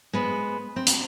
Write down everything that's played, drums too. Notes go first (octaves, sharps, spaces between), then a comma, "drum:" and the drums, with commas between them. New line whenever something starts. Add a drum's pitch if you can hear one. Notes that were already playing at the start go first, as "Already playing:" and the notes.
G#3 B3 B4 C5
C4
drum: hi-hat